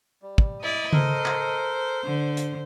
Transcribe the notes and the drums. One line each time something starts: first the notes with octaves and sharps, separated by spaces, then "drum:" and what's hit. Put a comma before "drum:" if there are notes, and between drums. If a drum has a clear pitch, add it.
G3
drum: kick
E4 D5 D#5
A4 A#4 C5, drum: tom C#3
drum: clap
D3
drum: hi-hat